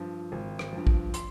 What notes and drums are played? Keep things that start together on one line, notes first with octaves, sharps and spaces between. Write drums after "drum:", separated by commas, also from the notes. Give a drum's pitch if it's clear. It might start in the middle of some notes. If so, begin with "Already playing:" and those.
Already playing: G2 F3
G#1
drum: rim click
G2 F3
drum: kick
C6, drum: hi-hat